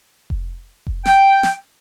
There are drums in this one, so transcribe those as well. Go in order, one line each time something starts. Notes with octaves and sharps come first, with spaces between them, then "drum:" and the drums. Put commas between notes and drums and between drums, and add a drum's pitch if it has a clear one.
drum: kick F1
drum: kick F1
G5, drum: snare
drum: snare